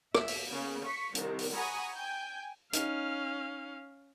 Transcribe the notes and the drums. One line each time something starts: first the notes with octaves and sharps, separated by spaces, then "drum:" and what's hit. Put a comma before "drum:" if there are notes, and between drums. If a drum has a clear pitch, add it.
E5, drum: rim click
drum: open hi-hat
C#3 A#3 B3
C#6 B6 C#7
C2 D#3 C4, drum: hi-hat
drum: open hi-hat
F#5 G#5 A#5 B5 C#6 D#6
G5 G#5 G6
C#4 D#4 F5, drum: hi-hat